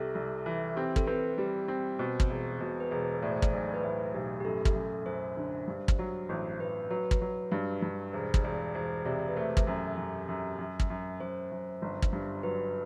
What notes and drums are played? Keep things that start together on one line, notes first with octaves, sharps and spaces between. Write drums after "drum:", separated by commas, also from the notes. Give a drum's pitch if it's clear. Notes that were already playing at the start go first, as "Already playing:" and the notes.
Already playing: C2 C3 A4
C2
E3
C4 G4
A4, drum: kick
C4 B4
G3
C4
B2 C5
drum: kick
E1
B2 C5
B4
E1 C5
A2 D5
C5
D5, drum: kick
B1
B4
A2 C5
B1 G4
G4
F#2 A4
drum: kick
F#2
F#2 C5
D3
G2
drum: kick
F#3
A1 C5
A1 B4
F#3 B4
drum: kick
F#3
G2
G2
E1 C5
drum: kick
E1 D5
E1 C5
C3 D5
B4
A3 C5
drum: kick
F#2
F#2
F#2
F#2
drum: kick
F#2
F#2 C5
F#2
G1
drum: kick
G2
F#3 B4